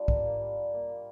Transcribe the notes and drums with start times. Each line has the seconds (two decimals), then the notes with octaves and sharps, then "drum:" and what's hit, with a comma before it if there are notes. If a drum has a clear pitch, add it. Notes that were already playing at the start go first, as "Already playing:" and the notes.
Already playing: G3 D4 F4
0.08 A#3, drum: kick
0.25 A#3
0.41 G3
0.57 G3
0.74 A#3
0.89 A#3